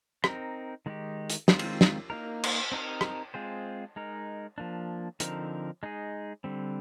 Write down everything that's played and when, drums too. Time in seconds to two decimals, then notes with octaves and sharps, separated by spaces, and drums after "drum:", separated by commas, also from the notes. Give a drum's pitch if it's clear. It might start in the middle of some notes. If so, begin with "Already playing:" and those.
0.24 C4 D#4 A#4, drum: rim click
0.86 D#3 G#3 D#4 G4
1.30 drum: hi-hat
1.48 D#3 G#3 C4 F4 C5, drum: snare
1.59 drum: cymbal
1.81 drum: snare
2.10 A#3 D#4 A#4
2.43 drum: cymbal
2.72 C4 D#4 G4 A#4
3.01 drum: rim click
3.34 G#3 C4 F4 G#4 C5
3.96 G#3 D#4 A#4
4.58 F3 A#3 D4
5.20 D3 F3 C4 D#4 A#4, drum: hi-hat
5.83 G#3 D#4 G#4
6.44 D3 G3 C4